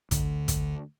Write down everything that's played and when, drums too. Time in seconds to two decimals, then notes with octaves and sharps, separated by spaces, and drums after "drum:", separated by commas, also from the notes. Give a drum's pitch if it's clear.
0.11 D2 D3, drum: kick, hi-hat
0.48 drum: kick, hi-hat